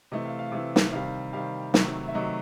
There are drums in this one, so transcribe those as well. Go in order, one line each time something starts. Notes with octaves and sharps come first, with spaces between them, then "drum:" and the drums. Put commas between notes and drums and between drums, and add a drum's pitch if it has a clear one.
C3 E3 A3 D#5
F5
F5
C3 E3 A3
drum: snare
C3 D#3 G3 F5
C3 D#3 G3 F5
C3 D#3 F#3 A3, drum: snare
E5
C3 D#3 F#3 A3 D#5